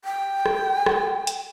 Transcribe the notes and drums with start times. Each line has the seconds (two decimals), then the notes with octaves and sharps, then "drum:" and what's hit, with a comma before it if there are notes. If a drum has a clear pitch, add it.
0.05 G5
0.46 drum: rim click
0.86 drum: rim click
1.27 drum: hi-hat